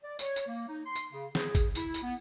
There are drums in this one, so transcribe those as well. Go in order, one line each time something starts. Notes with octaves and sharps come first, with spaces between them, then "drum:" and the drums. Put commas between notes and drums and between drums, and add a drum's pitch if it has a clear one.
D5
C#5, drum: tambourine
drum: tambourine
A#3
D#4
C6
drum: tambourine
C#3
G#4, drum: snare
drum: kick, tambourine
E4, drum: tambourine
drum: tambourine
B3